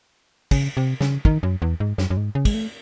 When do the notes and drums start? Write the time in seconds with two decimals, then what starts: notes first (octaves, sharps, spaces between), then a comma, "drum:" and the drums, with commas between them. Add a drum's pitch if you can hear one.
0.51 C#3, drum: kick, cymbal
0.77 C3
1.01 C#3, drum: snare
1.25 D#3, drum: kick
1.43 F#2
1.62 E2
1.80 G#2
1.98 F#2, drum: snare
2.10 F#2
2.17 G#2
2.35 C#3
2.45 G#3, drum: kick, cymbal
2.54 A3